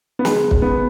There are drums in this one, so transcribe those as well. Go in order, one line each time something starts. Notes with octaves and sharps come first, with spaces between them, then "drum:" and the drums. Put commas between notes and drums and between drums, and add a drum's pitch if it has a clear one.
B3
G#3, drum: snare
drum: kick
B3